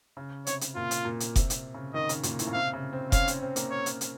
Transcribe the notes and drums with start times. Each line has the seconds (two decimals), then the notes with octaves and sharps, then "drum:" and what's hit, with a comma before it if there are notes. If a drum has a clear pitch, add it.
0.17 C#3
0.47 C3 C#5, drum: hi-hat
0.61 drum: hi-hat
0.75 A#2 F4
0.91 drum: hi-hat
1.05 A#2
1.20 drum: hi-hat
1.36 C3, drum: kick F1, hi-hat
1.50 drum: hi-hat
1.74 C#3
1.94 D#3 D#5
2.09 C#3, drum: hi-hat
2.23 A#2, drum: hi-hat
2.39 A2, drum: hi-hat
2.47 C#3
2.53 C3 F5
2.73 C#3
2.93 C4
3.12 C#4 F5, drum: kick F1, hi-hat
3.28 C4, drum: hi-hat
3.42 C4
3.56 A#3, drum: hi-hat
3.71 C#5
3.86 drum: hi-hat
4.01 drum: hi-hat